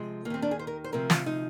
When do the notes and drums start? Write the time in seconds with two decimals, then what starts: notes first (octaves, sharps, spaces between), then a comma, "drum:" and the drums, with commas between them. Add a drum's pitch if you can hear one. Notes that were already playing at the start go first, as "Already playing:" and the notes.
Already playing: C3 F3 G#3
0.25 D#2 A#3
0.30 D#3 C4
0.42 D4
0.51 G#4
0.59 C5
0.67 A#4
0.84 C5
0.92 D2 C3 F3 A#4
1.10 F4, drum: snare
1.26 D#4